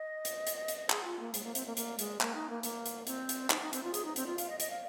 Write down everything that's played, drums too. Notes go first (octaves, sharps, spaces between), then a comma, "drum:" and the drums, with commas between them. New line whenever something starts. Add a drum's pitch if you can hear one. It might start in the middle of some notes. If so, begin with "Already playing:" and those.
Already playing: D#5
drum: hi-hat
drum: hi-hat
drum: hi-hat
G#4, drum: clap
F4
A#3
G#3, drum: hi-hat
A#3
C4, drum: hi-hat
A#3
A#3, drum: hi-hat
G#3, drum: hi-hat
A#3, drum: clap
D#4
A#3
A#3, drum: hi-hat
drum: hi-hat
C4, drum: hi-hat
drum: hi-hat
D#4, drum: clap
D#4
C4, drum: hi-hat
F4
G#4, drum: hi-hat
D#4
C4, drum: hi-hat
F4
F5, drum: hi-hat
D#5
D#5, drum: hi-hat
F5